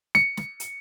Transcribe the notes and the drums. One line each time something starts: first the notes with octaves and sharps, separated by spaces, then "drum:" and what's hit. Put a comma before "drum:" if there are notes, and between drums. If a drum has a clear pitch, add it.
C#7, drum: snare
drum: snare
drum: hi-hat